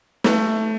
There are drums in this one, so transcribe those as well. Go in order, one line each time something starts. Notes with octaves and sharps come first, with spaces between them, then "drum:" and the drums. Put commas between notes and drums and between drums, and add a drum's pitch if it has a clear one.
A3, drum: snare